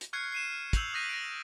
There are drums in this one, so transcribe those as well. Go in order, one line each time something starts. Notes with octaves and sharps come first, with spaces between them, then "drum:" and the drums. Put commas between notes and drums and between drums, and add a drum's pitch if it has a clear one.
drum: hi-hat
C#6 F6 F#6 G#6 C7 C#7
C7 D#7 E7
E6 G6 F7 F#7, drum: kick, hi-hat
D#6 F#6 G6 A#6 B6 D#7
A#6 D7